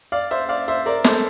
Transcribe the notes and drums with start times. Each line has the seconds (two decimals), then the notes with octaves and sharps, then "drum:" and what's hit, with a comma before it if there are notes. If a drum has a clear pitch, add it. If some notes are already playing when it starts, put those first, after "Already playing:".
0.12 D5 F5
0.31 C5 E5
0.49 D5 F5
0.68 C5 E5
0.86 A#4 D5
1.04 A4 C5, drum: snare